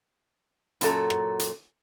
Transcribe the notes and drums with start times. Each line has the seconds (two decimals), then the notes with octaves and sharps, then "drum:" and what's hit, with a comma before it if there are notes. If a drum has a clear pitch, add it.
0.81 F#2 A#2 F#3 A4 A#5, drum: hi-hat
1.10 drum: rim click
1.39 drum: hi-hat